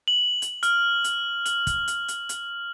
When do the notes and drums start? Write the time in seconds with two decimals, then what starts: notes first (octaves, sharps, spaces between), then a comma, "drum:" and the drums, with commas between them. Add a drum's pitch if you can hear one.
0.08 F#7
0.42 drum: hi-hat
0.63 F6, drum: hi-hat
1.04 drum: hi-hat
1.46 F#7, drum: hi-hat
1.67 drum: kick, hi-hat
1.88 drum: hi-hat
2.08 drum: hi-hat
2.29 drum: hi-hat